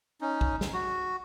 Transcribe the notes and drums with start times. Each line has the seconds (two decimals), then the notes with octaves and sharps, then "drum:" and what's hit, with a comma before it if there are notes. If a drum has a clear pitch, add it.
0.21 C#4 D#4
0.41 drum: kick B1
0.61 drum: snare
0.73 F#4